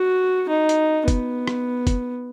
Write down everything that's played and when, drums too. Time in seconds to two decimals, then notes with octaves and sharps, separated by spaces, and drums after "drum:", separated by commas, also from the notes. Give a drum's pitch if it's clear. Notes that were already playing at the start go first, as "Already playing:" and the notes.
Already playing: F#4
0.49 D#4
0.69 drum: hi-hat
1.08 B3, drum: kick, hi-hat
1.47 drum: rim click
1.87 drum: kick, hi-hat